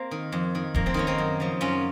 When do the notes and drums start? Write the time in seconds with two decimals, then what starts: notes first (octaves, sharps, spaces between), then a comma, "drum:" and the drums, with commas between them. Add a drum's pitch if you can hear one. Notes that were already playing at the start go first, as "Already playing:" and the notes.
Already playing: A#3 C4
0.11 D#3
0.32 F2
0.55 D#3
0.75 F2 A#3, drum: kick D1
0.86 A3 C4
0.94 D#3 A#3 C#4
1.07 C4 D#4
1.18 F#2
1.40 C#3 F3
1.61 F#2 C#4 F4